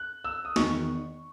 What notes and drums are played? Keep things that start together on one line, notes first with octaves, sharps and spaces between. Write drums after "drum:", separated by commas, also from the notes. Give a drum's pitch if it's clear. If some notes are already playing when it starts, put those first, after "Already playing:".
Already playing: F#6
E6
D#6
E2 D#3 C#6, drum: snare